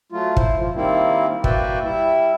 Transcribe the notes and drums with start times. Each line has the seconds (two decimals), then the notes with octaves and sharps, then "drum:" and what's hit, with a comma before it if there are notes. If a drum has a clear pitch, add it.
0.12 F#3 A3 F4
0.37 E4 C5, drum: kick
0.58 F3
0.75 D#3 G3 A#3 C4 E4
1.44 A#3 F#4 B4 D5 E5 G5, drum: kick
1.84 G3 E4 E5